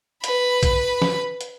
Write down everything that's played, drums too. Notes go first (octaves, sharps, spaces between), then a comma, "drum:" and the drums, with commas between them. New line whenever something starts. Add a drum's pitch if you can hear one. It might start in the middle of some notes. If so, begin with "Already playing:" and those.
B4 B5, drum: hi-hat
drum: kick, hi-hat
drum: snare
drum: hi-hat